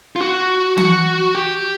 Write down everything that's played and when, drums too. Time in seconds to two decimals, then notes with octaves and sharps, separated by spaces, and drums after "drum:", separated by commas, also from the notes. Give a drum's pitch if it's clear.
0.16 F4
0.21 F#4
0.77 F#4, drum: tom E3
1.35 G4